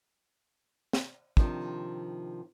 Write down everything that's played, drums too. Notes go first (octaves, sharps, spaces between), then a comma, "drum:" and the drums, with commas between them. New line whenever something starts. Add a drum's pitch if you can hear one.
drum: snare
C3 D#3 F3 D4, drum: kick